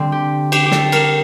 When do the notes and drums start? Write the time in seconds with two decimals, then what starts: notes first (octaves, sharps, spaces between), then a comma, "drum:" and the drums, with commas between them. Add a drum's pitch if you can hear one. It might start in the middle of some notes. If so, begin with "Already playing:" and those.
Already playing: D3 G3 C4
0.12 G4
0.52 G4, drum: cymbal
0.66 G4
0.71 A4, drum: snare
0.92 A#4, drum: cymbal